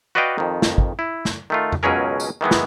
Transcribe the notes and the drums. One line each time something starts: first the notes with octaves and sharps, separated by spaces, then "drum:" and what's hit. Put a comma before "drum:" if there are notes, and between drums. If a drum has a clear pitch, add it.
F#4 B4 D5 D#5 F5 G5
F2 D#3
drum: snare
drum: kick
E4
drum: snare
D#3 A3 F4
drum: tom F2
C#2 B2 F#3 C#4 G#4 A#4
drum: tambourine
D#3 E3 G#3 B3
drum: snare